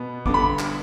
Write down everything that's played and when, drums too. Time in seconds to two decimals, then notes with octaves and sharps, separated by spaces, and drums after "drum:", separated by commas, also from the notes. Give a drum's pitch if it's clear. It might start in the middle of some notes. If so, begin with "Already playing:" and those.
Already playing: B2 B3
0.26 G2 D3 B3 D6, drum: kick
0.34 B5
0.59 drum: clap